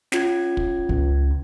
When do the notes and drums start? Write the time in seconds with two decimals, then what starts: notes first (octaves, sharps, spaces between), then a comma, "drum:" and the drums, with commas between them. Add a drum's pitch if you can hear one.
0.12 C#4 F4 G#6, drum: snare
0.57 drum: kick
0.89 C#2